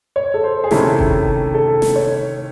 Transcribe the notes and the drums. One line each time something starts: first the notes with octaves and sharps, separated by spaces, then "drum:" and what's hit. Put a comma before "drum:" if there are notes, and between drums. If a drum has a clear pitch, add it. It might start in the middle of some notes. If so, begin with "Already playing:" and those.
C#5
A4
C5
G#4
C3 D#3 A3 C#4 E4 A4, drum: snare
drum: kick F#1
A4
drum: snare
C#5